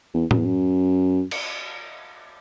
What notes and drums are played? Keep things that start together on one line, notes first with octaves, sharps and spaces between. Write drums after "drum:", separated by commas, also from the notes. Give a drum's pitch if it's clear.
E2
F#2, drum: tom A2
E2
F#2
drum: cymbal